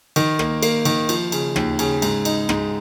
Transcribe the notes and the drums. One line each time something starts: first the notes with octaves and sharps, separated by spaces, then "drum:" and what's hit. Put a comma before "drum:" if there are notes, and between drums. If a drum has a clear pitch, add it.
D#3, drum: cymbal
A#3, drum: rim click
A#3, drum: cymbal
D#3, drum: cymbal
F3, drum: cymbal
C#3, drum: cymbal
D#2, drum: rim click
C#3, drum: cymbal
G#2, drum: cymbal
D#4, drum: cymbal
G#2, drum: rim click